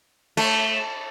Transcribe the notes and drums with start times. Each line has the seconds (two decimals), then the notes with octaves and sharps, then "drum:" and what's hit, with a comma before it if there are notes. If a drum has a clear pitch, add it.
0.37 A3, drum: cymbal